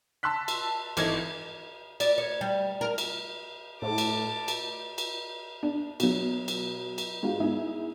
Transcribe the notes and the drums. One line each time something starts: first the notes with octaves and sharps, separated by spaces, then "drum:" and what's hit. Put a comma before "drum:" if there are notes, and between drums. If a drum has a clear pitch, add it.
A5 C6 E6 F#6 B6
drum: cymbal
G#1 E3 A4 D#5 G#6 A#6, drum: cymbal
D5, drum: cymbal
C#5
G3
A#4
drum: cymbal
A2 A5 D6
drum: cymbal
drum: cymbal
drum: cymbal
D4
B2 F#3, drum: cymbal
drum: cymbal
drum: cymbal
G#2 F4 F#4
G#3 B3 D#4 E4 G#4